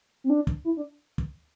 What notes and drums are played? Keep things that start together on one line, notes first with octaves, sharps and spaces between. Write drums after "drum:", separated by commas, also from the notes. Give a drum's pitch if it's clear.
C4
D4
drum: kick
E4
D4
drum: kick